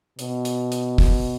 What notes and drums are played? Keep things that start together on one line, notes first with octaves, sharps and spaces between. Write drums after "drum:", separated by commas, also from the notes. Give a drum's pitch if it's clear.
B2, drum: hi-hat
drum: hi-hat
drum: hi-hat
drum: kick, open hi-hat